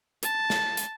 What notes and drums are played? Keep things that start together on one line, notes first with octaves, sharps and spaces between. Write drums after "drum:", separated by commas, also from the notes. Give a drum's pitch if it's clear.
A5, drum: hi-hat
drum: snare
drum: hi-hat